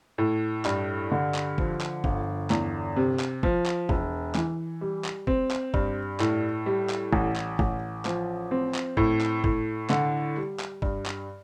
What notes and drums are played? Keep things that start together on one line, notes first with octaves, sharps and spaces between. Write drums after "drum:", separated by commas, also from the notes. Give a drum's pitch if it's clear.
A2
G2, drum: clap
D3
drum: clap
F3, drum: kick
drum: clap
G1, drum: kick
E2, drum: clap
C3
drum: clap
F3, drum: kick
drum: clap
E1, drum: kick
E3, drum: clap
G3
drum: clap
C4, drum: kick
drum: clap
G2, drum: kick
A2, drum: clap
G3
drum: clap
A1, drum: kick
drum: clap
A1, drum: kick
F3, drum: clap
C4
drum: clap
A2, drum: kick
drum: clap
A2, drum: kick
D3, drum: clap
G3
drum: clap
G2, drum: kick
drum: clap